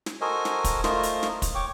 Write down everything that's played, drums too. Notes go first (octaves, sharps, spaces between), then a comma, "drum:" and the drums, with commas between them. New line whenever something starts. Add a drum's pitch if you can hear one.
drum: snare
F#4 A4 A#4 C5 D#5 G#5
drum: snare
drum: kick, hi-hat
A3 F4 A#4 C5 D#5, drum: snare
drum: hi-hat
drum: snare
drum: kick, hi-hat
C#5 G5 C#6 D6